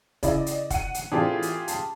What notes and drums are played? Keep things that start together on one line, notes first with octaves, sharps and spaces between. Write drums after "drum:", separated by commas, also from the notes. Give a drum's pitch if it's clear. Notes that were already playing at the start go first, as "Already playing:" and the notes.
C#3 E4 D5 D#5, drum: kick, hi-hat
drum: hi-hat
F#5 C#7 D#7, drum: kick, hi-hat
drum: hi-hat
A2 E3 C4 D4 F4 G4 G#4
drum: hi-hat
A5, drum: hi-hat